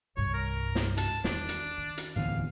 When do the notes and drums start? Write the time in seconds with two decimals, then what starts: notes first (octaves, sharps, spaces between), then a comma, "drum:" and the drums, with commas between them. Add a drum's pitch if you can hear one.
0.17 C2 G2 C#5
0.34 A#4
0.75 drum: snare
0.97 A5, drum: hi-hat
1.24 E2 D#3 D4, drum: snare
1.49 drum: hi-hat
1.78 D#3
1.98 drum: hi-hat
2.16 D1 E2 D3 F5